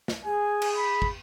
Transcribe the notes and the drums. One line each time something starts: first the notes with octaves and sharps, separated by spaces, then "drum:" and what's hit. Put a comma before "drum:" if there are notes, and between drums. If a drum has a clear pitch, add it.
drum: snare
G#4 G#5
drum: cymbal
B5
drum: kick